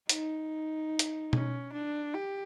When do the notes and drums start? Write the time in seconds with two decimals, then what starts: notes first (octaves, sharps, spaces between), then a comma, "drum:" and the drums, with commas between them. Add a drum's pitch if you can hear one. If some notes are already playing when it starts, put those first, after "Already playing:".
0.09 D#4, drum: hi-hat
0.99 drum: hi-hat
1.33 C#4, drum: tom B2
1.73 D4
2.15 G4